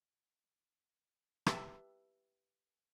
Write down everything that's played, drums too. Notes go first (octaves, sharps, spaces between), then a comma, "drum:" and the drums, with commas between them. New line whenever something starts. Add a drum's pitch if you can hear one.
G4 B4 E5 A5, drum: rim click